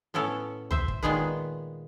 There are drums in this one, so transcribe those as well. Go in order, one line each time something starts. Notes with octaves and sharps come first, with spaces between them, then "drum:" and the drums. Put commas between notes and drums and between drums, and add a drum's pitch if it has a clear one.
A2 B3 C#4 A4 C#5
C5 E5, drum: tom
drum: kick
A#2 D#3 G#3 B3 G#4 B4